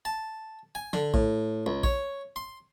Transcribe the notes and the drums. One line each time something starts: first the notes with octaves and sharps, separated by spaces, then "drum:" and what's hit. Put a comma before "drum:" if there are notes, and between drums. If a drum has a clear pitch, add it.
A5
G#5
D3, drum: snare
A2, drum: kick A#1
C#2
C#5, drum: kick A#1
C6